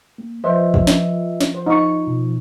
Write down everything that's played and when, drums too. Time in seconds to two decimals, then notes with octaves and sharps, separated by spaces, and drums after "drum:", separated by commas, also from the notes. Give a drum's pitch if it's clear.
0.18 A#3
0.44 F3 B4 C5 D#5 E5
0.74 drum: kick
0.87 drum: snare
1.41 drum: snare
1.54 C5
1.66 D#4 C#6
2.07 B2